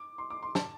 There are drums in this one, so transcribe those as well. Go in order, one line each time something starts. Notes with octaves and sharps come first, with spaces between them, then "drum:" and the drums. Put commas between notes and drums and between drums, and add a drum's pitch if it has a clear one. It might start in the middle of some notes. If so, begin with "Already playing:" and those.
Already playing: D6
C6
D6
C6
A5, drum: snare